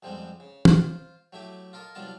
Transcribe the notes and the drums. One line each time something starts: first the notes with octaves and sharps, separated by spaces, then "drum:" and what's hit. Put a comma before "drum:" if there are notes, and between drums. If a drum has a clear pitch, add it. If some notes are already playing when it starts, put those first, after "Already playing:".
F2 F3 G3 G#3 B3 C4
C#3
F4 C5, drum: tom
F#3 A3 E4 G4
F4 A4 A#4 D#5
C2 F#3 G3 B3 F4 A5